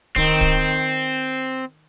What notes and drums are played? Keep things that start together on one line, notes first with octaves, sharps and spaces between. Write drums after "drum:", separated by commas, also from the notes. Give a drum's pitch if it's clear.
D#3 C4, drum: kick D1
drum: kick D1